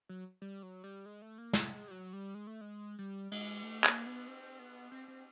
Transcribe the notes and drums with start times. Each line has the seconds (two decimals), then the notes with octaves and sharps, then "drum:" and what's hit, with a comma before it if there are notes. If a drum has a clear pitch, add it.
0.09 F#3
0.42 G3
0.63 F#3
0.84 G3
1.06 G#3
1.22 A3
1.38 A#3
1.53 A3, drum: snare
1.70 G#3
1.88 G3
1.91 F#3
2.13 G3
2.35 G#3
2.47 A3
2.61 G#3
2.99 G3
3.32 G#3, drum: cymbal
3.63 A3
3.84 A#3, drum: clap
4.06 B3
4.28 C4
4.59 B3
4.92 C4
5.08 C4